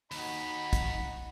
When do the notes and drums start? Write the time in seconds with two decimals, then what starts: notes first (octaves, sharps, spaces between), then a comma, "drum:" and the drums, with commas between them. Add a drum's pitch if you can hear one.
0.11 D#2 D#4 F#4 B5, drum: open hi-hat
0.73 drum: kick, hi-hat